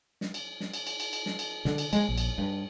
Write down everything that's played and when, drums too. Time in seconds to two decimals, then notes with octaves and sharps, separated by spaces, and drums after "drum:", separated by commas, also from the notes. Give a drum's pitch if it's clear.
0.21 drum: snare
0.34 drum: cymbal
0.60 drum: snare
0.74 drum: cymbal
0.87 drum: cymbal
1.00 drum: cymbal
1.13 drum: cymbal
1.26 drum: snare
1.39 drum: cymbal
1.65 D3, drum: snare
1.78 drum: cymbal
1.93 G#3, drum: cymbal
2.08 A#1
2.18 drum: cymbal
2.38 G2